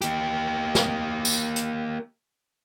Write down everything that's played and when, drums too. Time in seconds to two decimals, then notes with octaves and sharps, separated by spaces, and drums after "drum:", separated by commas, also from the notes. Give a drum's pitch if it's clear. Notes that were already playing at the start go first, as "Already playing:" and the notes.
0.01 A#3 G4, drum: hi-hat
0.75 drum: snare
1.25 drum: tambourine
1.56 drum: hi-hat